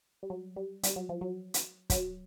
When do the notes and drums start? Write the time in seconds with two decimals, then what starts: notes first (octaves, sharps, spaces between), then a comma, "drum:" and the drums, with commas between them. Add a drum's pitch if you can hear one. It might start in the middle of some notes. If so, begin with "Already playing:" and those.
0.23 G3
0.30 F#3
0.56 G3
0.83 G3, drum: hi-hat
0.96 F#3
1.09 F3
1.21 F#3
1.54 drum: hi-hat
1.90 F#3, drum: kick, hi-hat